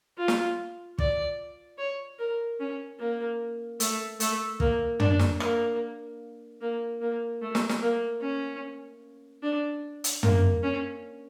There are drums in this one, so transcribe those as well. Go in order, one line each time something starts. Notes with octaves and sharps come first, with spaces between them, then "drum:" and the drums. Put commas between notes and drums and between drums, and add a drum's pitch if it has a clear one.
F4
drum: snare
D5, drum: kick
C#5
A#4
C#4
A#3
A3, drum: hi-hat
A3, drum: hi-hat
A#3, drum: kick
D4, drum: tom
drum: snare
A#3, drum: rim click
A#3
A#3
A3
drum: snare
drum: snare
A#3
C#4
D4
drum: hi-hat
A#3, drum: tom
C#4